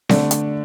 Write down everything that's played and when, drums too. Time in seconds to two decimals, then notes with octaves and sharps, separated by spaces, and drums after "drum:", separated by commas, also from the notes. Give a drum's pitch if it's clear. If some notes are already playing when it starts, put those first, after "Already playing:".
0.09 D3 A3 D4, drum: snare C4
0.31 drum: hi-hat